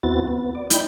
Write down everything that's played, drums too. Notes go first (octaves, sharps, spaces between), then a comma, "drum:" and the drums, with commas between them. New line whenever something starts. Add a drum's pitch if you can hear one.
D#2 B3 C4 E4 F#4 A6
B3
D5
D#4 E4 D5 G5 B5 G6, drum: hi-hat